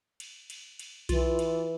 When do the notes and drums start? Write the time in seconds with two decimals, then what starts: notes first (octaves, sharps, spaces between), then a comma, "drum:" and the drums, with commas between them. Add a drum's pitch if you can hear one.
0.20 drum: cymbal
0.50 drum: cymbal
0.79 drum: cymbal
1.09 E3 F4, drum: kick B1, cymbal
1.39 drum: cymbal